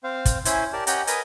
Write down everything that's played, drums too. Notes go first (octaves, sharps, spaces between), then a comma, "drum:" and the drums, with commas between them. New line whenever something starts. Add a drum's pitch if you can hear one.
C4 C5 F5
drum: kick, hi-hat
C#4 E4 C5 G#5, drum: hi-hat
G4 A#4 D5 A5
C#4 G4 D#5 F#5 G5 A#5, drum: hi-hat
A#4 B4 D#5 G#5 D#6, drum: hi-hat